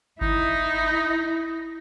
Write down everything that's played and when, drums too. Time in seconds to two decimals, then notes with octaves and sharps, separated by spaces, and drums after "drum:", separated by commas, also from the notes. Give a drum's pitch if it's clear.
0.21 D#4 E4, drum: kick G1